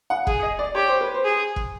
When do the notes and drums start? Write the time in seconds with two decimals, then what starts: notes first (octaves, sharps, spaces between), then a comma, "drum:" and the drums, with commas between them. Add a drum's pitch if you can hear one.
0.10 F#5
0.27 G#4, drum: kick
0.43 D#5
0.59 D5
0.75 G4 C#5
0.88 C5
1.01 B4
1.14 C5
1.24 G#4
1.56 drum: kick